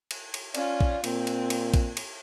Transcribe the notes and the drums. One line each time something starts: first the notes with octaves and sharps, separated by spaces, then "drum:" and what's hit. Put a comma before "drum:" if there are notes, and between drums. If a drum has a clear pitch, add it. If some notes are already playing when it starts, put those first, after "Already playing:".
drum: cymbal
drum: cymbal
C#4 F4 D5, drum: cymbal
drum: kick
A#2 C4, drum: cymbal
drum: cymbal
drum: cymbal
drum: kick, cymbal
drum: cymbal